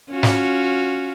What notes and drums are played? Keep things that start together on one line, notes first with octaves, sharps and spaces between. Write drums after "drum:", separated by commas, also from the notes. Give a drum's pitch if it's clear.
C#4 F4 F#4
drum: snare